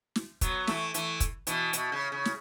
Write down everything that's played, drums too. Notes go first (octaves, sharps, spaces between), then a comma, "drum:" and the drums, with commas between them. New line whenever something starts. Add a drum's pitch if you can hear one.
drum: snare
F#3 B3, drum: kick, hi-hat
E3 A3, drum: snare
E3 A3, drum: hi-hat
drum: kick, hi-hat
B2 E3, drum: hi-hat
B2, drum: hi-hat
C#3
C#3
drum: snare